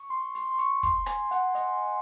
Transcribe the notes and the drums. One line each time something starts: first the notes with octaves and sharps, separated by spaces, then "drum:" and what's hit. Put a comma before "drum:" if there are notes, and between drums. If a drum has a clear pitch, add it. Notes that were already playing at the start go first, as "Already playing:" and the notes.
Already playing: C#6
C6
C6, drum: hi-hat
C6
C#6, drum: hi-hat
C6, drum: kick, hi-hat
G#5, drum: rim click
F#5, drum: hi-hat
D#5, drum: hi-hat